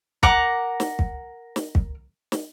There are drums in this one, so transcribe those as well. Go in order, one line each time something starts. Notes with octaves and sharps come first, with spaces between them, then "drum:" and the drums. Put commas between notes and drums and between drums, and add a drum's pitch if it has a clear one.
A#4 F#5 A#5 D6, drum: kick
drum: snare
drum: kick
drum: snare
drum: kick
drum: snare